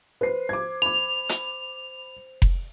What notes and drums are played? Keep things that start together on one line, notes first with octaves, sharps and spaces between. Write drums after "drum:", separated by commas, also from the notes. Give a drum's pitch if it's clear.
B4 C5 C7
D6 G#6
B5 D6 F7
drum: hi-hat
drum: kick F1